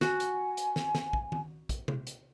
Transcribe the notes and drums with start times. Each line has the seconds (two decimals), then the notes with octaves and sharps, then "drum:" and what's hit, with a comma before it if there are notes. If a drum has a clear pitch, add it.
0.01 F#4 G#5, drum: snare
0.20 drum: hi-hat
0.57 drum: hi-hat
0.76 drum: snare
0.95 drum: snare
1.13 drum: kick
1.32 drum: tom D#3
1.69 drum: kick, hi-hat
1.88 drum: tom C3
2.07 drum: hi-hat